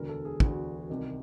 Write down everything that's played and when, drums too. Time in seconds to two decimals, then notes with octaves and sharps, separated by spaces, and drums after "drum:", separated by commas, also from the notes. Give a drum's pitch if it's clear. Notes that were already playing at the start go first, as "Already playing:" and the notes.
Already playing: E1 D2 D3 A#4
0.09 A4
0.25 G#4
0.40 E1 D2 D3 F#4, drum: kick
0.89 C2 C3 D#3